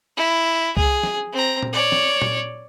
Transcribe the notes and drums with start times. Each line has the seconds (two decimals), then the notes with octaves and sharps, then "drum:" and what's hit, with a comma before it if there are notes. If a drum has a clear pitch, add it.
0.17 E4
0.77 G#4, drum: kick C2
1.03 drum: snare
1.33 C4 A#5
1.63 drum: tom A#2
1.72 C#5 D5
1.92 drum: snare
2.22 drum: tom A#2